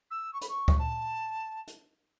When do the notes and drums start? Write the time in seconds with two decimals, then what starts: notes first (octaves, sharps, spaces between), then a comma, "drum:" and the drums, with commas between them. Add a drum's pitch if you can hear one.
0.11 E6
0.33 C#6
0.41 B5, drum: hi-hat
0.49 C#6
0.68 drum: kick D2
0.79 A5
1.67 drum: hi-hat